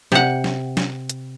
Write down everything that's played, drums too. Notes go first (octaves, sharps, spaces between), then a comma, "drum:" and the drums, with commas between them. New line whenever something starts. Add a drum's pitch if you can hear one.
C3 F#5, drum: snare
drum: snare
drum: snare
drum: hi-hat